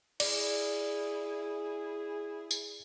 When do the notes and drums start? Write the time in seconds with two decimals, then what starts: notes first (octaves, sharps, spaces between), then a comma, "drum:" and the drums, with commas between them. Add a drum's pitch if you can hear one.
0.20 E4 G#4 D5, drum: cymbal
2.51 drum: tambourine